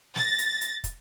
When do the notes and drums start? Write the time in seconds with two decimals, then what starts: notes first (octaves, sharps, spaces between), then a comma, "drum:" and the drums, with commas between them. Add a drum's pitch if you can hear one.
0.16 A6 A#6, drum: snare
0.38 drum: hi-hat
0.61 drum: hi-hat
0.84 drum: kick, hi-hat